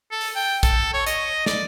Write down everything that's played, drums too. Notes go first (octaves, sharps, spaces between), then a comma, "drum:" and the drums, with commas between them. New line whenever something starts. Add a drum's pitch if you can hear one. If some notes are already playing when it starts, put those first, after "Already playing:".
A4
drum: open hi-hat
G5
A4, drum: kick A#1, hi-hat
C#5
D#5, drum: hi-hat
D5, drum: snare